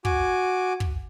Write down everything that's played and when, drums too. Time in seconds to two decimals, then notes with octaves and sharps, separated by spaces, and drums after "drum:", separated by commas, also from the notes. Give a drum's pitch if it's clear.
0.05 F#4 G#5 D6, drum: kick
0.80 drum: kick